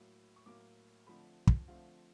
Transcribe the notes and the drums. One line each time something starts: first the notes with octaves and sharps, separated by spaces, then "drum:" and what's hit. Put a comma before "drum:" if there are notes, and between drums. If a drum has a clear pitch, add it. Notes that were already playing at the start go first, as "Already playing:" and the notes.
Already playing: A2 F#3 A#3
C#6
A2 F#3 A#3 D6
D3 F3 A3 C4 B5
drum: kick
D3 F3 A3 C4 F5